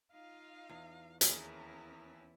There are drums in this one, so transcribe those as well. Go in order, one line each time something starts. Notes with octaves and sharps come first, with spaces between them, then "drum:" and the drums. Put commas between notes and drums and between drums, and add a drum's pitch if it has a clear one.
D#4 F4 F5
E2
D#2 C#4 E4 G#4 A#4, drum: hi-hat